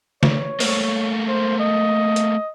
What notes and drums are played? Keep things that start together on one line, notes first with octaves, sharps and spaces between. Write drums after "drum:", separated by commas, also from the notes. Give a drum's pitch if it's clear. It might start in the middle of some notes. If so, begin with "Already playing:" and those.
C#5, drum: snare
A3 A#3, drum: open hi-hat
C5
D#5
drum: hi-hat